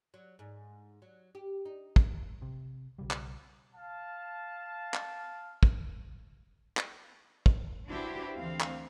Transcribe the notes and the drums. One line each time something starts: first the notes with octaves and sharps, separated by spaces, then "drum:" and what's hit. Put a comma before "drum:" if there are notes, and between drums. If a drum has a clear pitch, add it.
F#3
G#2
F#3
G4
D#4
drum: kick
C3
B1 C#3 G3
drum: clap
F5 A5
drum: clap
drum: kick
drum: clap
drum: kick
D4 E4 F#4 G4 B4 C5
D2 E3 C4 F5
drum: clap